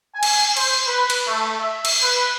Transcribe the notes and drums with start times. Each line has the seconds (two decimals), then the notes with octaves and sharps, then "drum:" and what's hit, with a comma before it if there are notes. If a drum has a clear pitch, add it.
0.14 G#5
0.23 drum: cymbal
0.57 C5, drum: cymbal
0.87 B4
1.10 drum: cymbal
1.28 A3
1.61 E5
1.85 drum: cymbal
2.02 B4